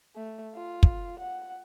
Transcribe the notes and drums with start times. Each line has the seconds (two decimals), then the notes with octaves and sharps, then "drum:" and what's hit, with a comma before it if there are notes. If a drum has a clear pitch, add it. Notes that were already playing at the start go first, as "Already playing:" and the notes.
0.16 A3
0.55 F4
0.83 drum: kick
1.19 F#5